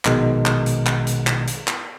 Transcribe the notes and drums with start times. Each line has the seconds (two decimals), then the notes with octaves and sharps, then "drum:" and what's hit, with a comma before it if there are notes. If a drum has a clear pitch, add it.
0.05 A#1 B2 D#3 G#3, drum: clap
0.46 drum: clap
0.66 drum: hi-hat
0.86 drum: clap
1.07 drum: hi-hat
1.27 drum: clap
1.47 drum: hi-hat
1.68 drum: clap